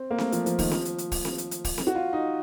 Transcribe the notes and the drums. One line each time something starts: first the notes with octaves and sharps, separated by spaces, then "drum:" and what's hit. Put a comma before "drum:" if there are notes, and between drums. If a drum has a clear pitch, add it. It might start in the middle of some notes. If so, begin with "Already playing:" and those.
Already playing: C4
A#3
A3, drum: snare C4
F3, drum: hi-hat
F3, drum: hi-hat
D#3, drum: kick, open hi-hat
F3, drum: snare C4
drum: hi-hat
drum: hi-hat
drum: kick, open hi-hat
drum: snare C4
drum: hi-hat
drum: hi-hat
drum: kick, open hi-hat
drum: snare C4
F#4
F4
D#4